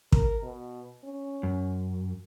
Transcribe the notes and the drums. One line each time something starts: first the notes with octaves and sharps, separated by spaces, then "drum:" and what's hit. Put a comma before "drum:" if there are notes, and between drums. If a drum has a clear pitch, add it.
A#4, drum: kick
B2
C#4
F#2